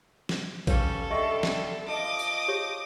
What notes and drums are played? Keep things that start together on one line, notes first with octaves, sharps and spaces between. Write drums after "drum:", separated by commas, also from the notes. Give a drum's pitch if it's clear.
drum: snare
G3 C#4 A4 B4 C#5 F5, drum: kick A1, tambourine
D3 G3 D#5 E5 C#6
drum: snare
F3 D#5 A5 D6 D#6
drum: tambourine
G4 C#5